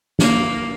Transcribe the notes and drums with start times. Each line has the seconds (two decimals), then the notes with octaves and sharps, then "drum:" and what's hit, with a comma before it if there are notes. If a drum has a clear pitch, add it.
0.19 A#3, drum: snare